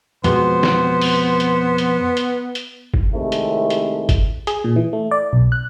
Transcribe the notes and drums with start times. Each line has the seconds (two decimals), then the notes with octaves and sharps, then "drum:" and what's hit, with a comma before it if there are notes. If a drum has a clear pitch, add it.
0.24 F2 B2 G#3 B3 C5, drum: hi-hat
0.63 drum: snare
1.02 drum: open hi-hat
1.40 drum: hi-hat
1.78 drum: hi-hat
2.17 drum: hi-hat
2.55 drum: hi-hat
2.94 drum: kick
3.13 C2 C3 D#3 G#3 A3 E4
3.32 drum: hi-hat
3.70 drum: hi-hat
4.09 drum: kick, hi-hat
4.47 G#4, drum: hi-hat
4.64 A#2
4.76 E3
4.93 A3
5.11 D5
5.33 B1
5.52 F#6